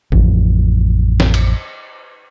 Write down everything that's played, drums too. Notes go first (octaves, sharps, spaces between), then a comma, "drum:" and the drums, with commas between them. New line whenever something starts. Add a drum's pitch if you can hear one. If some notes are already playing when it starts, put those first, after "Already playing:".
A1 F2, drum: kick G#1
drum: snare
drum: cymbal